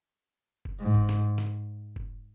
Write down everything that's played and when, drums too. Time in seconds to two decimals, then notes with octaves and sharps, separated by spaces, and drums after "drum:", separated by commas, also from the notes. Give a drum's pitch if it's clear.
0.65 drum: kick F#1
0.80 G#2
0.94 drum: kick F#1
1.09 drum: snare
1.38 drum: snare
1.96 drum: kick F#1